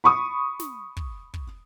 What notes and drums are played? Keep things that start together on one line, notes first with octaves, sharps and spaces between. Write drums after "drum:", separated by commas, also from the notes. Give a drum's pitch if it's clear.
B5 C#6 D#6
drum: snare
drum: kick
drum: kick